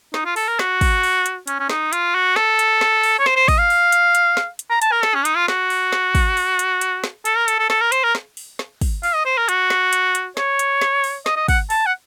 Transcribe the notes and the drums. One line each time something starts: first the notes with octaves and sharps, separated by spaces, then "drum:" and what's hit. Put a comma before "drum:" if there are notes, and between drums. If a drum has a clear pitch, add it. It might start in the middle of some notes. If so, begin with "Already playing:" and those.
D#4, drum: snare
F4
A4, drum: open hi-hat
A#4
F#4, drum: snare
drum: kick, open hi-hat
drum: open hi-hat
drum: hi-hat
C#4, drum: hi-hat
C#4
D#4, drum: snare
F4, drum: hi-hat
F#4
A4, drum: snare
drum: hi-hat
drum: snare
drum: open hi-hat
C#5
C5, drum: snare
C5
D#5, drum: kick, open hi-hat
F5
drum: open hi-hat
drum: hi-hat
drum: hi-hat
drum: snare
drum: hi-hat
A#5
A5, drum: hi-hat
A#4
A4, drum: snare
C#4
D#4, drum: hi-hat
F4
F#4, drum: snare
drum: open hi-hat
drum: snare
drum: kick, open hi-hat
drum: open hi-hat
drum: hi-hat
drum: hi-hat
drum: snare
A4, drum: hi-hat
A#4
A4, drum: hi-hat
A4
A4, drum: snare
A#4
C5, drum: hi-hat
A#4
drum: snare
drum: open hi-hat
drum: snare
drum: kick, open hi-hat
F5, drum: open hi-hat
D#5
C5
A#4
F#4, drum: hi-hat
drum: snare
drum: hi-hat
drum: hi-hat
C#5, drum: snare
drum: hi-hat
drum: snare
drum: open hi-hat
D#5, drum: snare
D#5
F#5, drum: kick, open hi-hat
A5, drum: open hi-hat
F#5